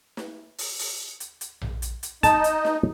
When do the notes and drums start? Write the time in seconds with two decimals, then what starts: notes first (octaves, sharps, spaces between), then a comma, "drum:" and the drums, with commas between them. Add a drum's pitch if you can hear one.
0.17 drum: snare
0.58 drum: open hi-hat
0.79 drum: open hi-hat
1.20 drum: hi-hat
1.41 drum: hi-hat
1.61 drum: tom A#1
1.82 drum: hi-hat
2.03 drum: hi-hat
2.23 D#4 A5, drum: kick, hi-hat
2.44 drum: hi-hat
2.65 drum: snare